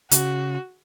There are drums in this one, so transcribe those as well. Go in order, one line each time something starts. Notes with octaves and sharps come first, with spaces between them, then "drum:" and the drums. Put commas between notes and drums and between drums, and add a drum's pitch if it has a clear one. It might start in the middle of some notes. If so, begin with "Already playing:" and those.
C#3 F#4, drum: hi-hat